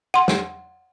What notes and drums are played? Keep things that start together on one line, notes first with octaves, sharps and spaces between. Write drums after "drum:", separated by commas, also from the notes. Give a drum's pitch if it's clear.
F#5 C6
drum: snare